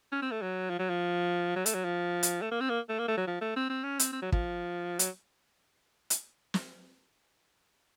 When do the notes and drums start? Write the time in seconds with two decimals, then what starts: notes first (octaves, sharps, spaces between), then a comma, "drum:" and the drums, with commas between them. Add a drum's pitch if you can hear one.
0.13 C#4
0.22 C4
0.31 A3
0.42 F#3
0.70 F3
0.79 F#3
0.90 F3
1.56 F#3
1.66 A3, drum: hi-hat
1.75 F#3
1.85 F3
2.23 drum: hi-hat
2.42 A3
2.52 A#3
2.61 C4
2.70 A#3
2.89 A3
2.99 A#3
3.08 A3
3.18 F#3
3.27 F3
3.41 A3
3.56 C4
3.70 C4
3.84 C#4
3.99 C4, drum: hi-hat
4.13 C4
4.22 F#3
4.32 F3, drum: kick
4.99 F#3, drum: hi-hat
6.10 drum: hi-hat
6.54 drum: snare